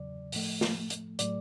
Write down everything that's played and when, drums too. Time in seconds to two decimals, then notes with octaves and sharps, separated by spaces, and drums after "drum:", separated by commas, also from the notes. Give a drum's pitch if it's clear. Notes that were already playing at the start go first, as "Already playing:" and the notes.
Already playing: E2 C#3 F#3 D5
0.32 A2 F3 A3, drum: open hi-hat
0.61 drum: snare
0.90 drum: hi-hat
1.19 A2 F#3 A3 D5, drum: hi-hat